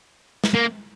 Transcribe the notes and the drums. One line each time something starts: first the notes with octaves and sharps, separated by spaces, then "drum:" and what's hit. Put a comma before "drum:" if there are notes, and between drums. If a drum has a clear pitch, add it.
drum: snare
A#3